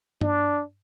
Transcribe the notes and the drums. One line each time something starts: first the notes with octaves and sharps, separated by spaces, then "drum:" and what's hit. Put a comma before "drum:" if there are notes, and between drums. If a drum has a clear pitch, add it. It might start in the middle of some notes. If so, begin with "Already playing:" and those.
D4, drum: tom G2